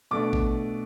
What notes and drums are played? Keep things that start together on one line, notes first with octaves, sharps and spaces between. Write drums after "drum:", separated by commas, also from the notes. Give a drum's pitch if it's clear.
B2 A3 D4 D6
drum: kick A1